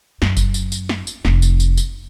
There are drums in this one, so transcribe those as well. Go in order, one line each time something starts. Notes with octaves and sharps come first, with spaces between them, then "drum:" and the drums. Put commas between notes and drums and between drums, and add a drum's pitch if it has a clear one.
F#2, drum: snare
drum: kick F#1, tambourine
drum: tambourine
drum: tambourine
drum: snare
drum: tambourine
F1, drum: snare
drum: tambourine
drum: tambourine
drum: tambourine